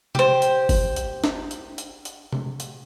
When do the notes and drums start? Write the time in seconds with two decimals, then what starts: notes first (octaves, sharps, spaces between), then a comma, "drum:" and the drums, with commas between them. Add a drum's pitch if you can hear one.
0.15 G4 C5, drum: tom C3
0.42 drum: hi-hat
0.69 drum: kick F#1, open hi-hat
0.96 drum: hi-hat
1.24 drum: snare
1.51 drum: hi-hat
1.78 drum: hi-hat
2.05 drum: hi-hat
2.33 drum: tom C3
2.60 drum: hi-hat